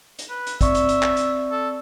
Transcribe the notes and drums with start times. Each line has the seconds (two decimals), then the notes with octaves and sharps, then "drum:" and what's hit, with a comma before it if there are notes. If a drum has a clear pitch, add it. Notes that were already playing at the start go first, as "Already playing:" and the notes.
0.19 drum: hi-hat
0.29 B4
0.47 drum: hi-hat
0.61 C4 D5 E5 C#6, drum: kick, hi-hat
0.75 drum: hi-hat
0.89 drum: hi-hat
1.03 drum: clap
1.17 drum: hi-hat
1.51 A4